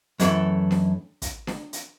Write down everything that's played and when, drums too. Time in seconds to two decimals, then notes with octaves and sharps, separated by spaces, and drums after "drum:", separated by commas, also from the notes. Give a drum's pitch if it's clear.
0.20 F#2 E3 A3, drum: hi-hat
0.71 drum: snare D4
1.22 drum: kick, hi-hat
1.47 drum: snare D4
1.73 drum: hi-hat